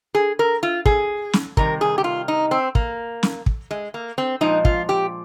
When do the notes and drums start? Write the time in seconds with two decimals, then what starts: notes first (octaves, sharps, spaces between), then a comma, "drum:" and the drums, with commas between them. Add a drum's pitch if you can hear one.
0.15 G#4
0.39 A#4
0.63 F4
0.86 G#4, drum: kick
1.33 drum: snare
1.57 C3 D#3 G3 A#4, drum: kick
1.81 G#4
1.98 G4
2.04 F4
2.28 D#4
2.51 C4
2.75 A#3, drum: kick
3.23 drum: snare
3.46 drum: kick
3.71 G#3
3.94 A#3
4.18 C4
4.41 A#2 F3 G#3 D#4
4.65 F4, drum: kick
4.89 G4